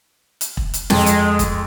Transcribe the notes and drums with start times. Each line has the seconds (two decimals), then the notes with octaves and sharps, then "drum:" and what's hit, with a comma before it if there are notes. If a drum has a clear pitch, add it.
0.41 drum: hi-hat
0.57 drum: kick E1
0.74 drum: hi-hat
0.90 F2 G#3, drum: snare
1.06 drum: hi-hat
1.39 drum: kick E1, hi-hat